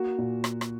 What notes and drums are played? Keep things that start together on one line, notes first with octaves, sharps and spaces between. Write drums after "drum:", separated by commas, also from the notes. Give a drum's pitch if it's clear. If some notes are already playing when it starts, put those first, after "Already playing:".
Already playing: A#3 F#4
A#2
drum: rim click
drum: rim click